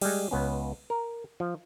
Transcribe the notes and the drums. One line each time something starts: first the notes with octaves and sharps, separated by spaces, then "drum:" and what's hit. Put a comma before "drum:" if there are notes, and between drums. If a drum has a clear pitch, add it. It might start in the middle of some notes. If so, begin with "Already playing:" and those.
G3 G#3, drum: cymbal
C#2 B3 C#4
A#4
F3